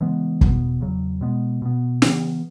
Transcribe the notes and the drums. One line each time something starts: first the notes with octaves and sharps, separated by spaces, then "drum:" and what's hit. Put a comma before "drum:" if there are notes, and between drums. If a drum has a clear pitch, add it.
C#3 E3 G#3 B3
E2 B2 B3, drum: kick
E2 C#3 F#3
B2 G#3 B3
B2 B3
C#3 E3 B3, drum: snare